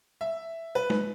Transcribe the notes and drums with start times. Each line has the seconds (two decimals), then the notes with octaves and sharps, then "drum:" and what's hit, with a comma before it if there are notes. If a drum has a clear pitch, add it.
0.21 E5
0.75 B4
0.90 drum: tom